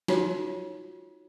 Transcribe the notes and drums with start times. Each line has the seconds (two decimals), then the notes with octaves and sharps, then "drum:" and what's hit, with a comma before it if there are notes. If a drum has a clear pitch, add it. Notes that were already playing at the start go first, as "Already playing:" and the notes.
0.08 D#4 F4 F#4 C#5, drum: snare